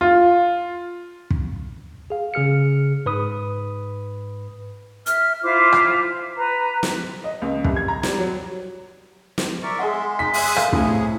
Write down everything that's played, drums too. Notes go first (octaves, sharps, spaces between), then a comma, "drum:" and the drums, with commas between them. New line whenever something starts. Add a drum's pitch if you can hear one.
F4
drum: kick
G#4 F5
C#3 G#4 F6 C#7
G#2 B4 B5 D#6
E5 F6, drum: hi-hat
E4 F4 C5 D6
drum: rim click
B4 A#5
drum: snare
D#5
C#2
C2, drum: kick
G#6
A#5
G3, drum: snare
F#3
drum: snare
A#4 D5 E5 C#6
G#3 G#4 D#5 F#5 C6
D#4 B6
G#4 E5 F#6, drum: open hi-hat
A4 A#4 F5, drum: rim click
A2 C3 G#4 A4 G#5, drum: kick